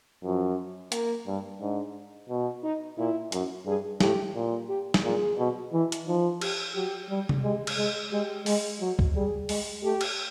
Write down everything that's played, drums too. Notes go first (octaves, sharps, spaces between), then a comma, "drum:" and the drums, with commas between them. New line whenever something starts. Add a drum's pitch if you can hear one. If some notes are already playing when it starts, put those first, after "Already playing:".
F#2 F3
A#3, drum: hi-hat
G2
G#2 D4
B2
D#4
A#2 E4
F#2, drum: hi-hat
G2 G#4
A2 G4, drum: snare
A#2
G4
drum: snare
A#2 G#4
B2
E3
drum: hi-hat
F3 D#4
G4, drum: cymbal
F#3 G4
G3
drum: tom C3
G#3 G4
drum: cymbal
G#3 G#4
G#3 G4
G#3, drum: open hi-hat
F#3
drum: kick
G3 G#4
G#3, drum: open hi-hat
A3 G4
drum: cymbal